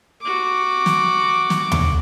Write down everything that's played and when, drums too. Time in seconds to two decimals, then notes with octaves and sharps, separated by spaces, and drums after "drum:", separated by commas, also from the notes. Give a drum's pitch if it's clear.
0.22 F#4 D6
0.86 drum: snare
1.50 drum: snare
1.72 drum: tom D#2